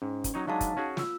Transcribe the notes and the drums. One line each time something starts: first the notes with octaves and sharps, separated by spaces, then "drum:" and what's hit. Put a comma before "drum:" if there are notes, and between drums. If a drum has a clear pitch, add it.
G#2 C#4
drum: kick, hi-hat
F#3 D#4 C#5
F#3 G#3 D4 D#4 F5 A5
drum: kick, hi-hat
C#4 F#4 G#4
F4 E6, drum: snare